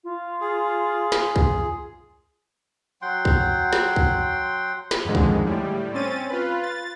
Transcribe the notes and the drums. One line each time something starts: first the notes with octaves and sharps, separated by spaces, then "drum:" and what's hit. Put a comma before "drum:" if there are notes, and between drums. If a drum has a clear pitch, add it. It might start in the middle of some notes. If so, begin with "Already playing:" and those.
F4
G#4
drum: snare
drum: kick
F#3 F#5 G5 C6
drum: kick
drum: snare
drum: kick
drum: snare
F2 G#2 D3 D#3 G#3
drum: kick
A2 G3
C4 C#4 A6 D#7
F4 B4
A6